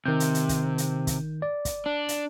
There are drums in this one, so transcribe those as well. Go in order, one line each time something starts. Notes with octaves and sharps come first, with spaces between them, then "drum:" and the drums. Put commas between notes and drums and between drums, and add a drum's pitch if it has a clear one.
C3 D#3 G6
drum: hi-hat
drum: hi-hat
drum: kick, hi-hat
drum: hi-hat
drum: kick, hi-hat
D5
drum: kick, hi-hat
D4
drum: hi-hat